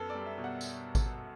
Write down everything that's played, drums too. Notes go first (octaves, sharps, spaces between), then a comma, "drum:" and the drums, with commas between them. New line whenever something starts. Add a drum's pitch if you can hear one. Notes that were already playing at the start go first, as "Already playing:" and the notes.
Already playing: F#2 B3 A4
D5
G3
E5
B2
F#5
drum: tambourine
drum: kick G#1, tambourine